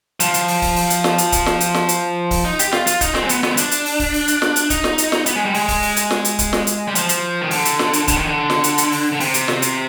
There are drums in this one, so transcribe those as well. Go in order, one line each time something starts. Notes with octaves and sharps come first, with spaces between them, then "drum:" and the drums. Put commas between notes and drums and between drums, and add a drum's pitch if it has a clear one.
F3, drum: hi-hat
drum: hi-hat
drum: open hi-hat
drum: kick C#1, open hi-hat
drum: open hi-hat
drum: hi-hat
drum: snare
drum: hi-hat
drum: kick C#1, hi-hat
drum: snare
drum: hi-hat
drum: snare
drum: hi-hat
drum: kick C#1, open hi-hat
D#4
G4, drum: hi-hat
F4, drum: snare
F4, drum: hi-hat
D#4, drum: kick C#1, hi-hat
C4, drum: snare
G#3
B3, drum: hi-hat
B3, drum: snare
C4
D4, drum: hi-hat
drum: hi-hat
drum: open hi-hat
drum: kick C#1, open hi-hat
drum: open hi-hat
drum: hi-hat
drum: snare
drum: hi-hat
D#4, drum: kick C#1, hi-hat
drum: snare
drum: hi-hat
drum: snare
B3, drum: hi-hat
G#3
G3
G#3, drum: open hi-hat
drum: kick C#1, open hi-hat
drum: open hi-hat
drum: hi-hat
drum: snare
drum: hi-hat
drum: kick C#1, hi-hat
drum: snare
drum: hi-hat
G3
F3, drum: hi-hat
drum: hi-hat
D#3
D3, drum: open hi-hat
drum: hi-hat
drum: snare
drum: hi-hat
D3, drum: kick C#1, hi-hat
D#3
D3
drum: snare
drum: hi-hat
drum: hi-hat
drum: open hi-hat
D3
C3, drum: open hi-hat
drum: hi-hat
drum: snare
drum: hi-hat